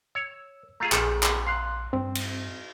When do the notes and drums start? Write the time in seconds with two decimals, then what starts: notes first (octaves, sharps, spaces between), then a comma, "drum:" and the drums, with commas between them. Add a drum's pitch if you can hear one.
0.15 C#5 E6
0.80 A3 F4 G#4 A#5
0.92 A#1 G#4 A4, drum: clap
1.23 drum: clap
1.47 F5 C6 F#6
1.93 G2 C4
2.15 drum: cymbal